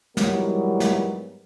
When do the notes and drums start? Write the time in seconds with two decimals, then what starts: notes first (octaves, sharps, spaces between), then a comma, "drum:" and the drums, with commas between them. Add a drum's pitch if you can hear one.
0.17 G#2 E3 F#3 G3 B3 A#4, drum: snare
0.80 drum: snare